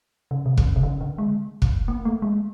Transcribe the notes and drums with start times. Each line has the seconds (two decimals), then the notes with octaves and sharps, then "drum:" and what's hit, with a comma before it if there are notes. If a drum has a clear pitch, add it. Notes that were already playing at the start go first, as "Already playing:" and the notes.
0.31 C#3
0.46 C3
0.58 C#3, drum: kick
0.76 C3
0.83 C#3
1.01 D3
1.18 G#3
1.62 drum: kick
1.88 A#3
2.05 A3
2.22 G#3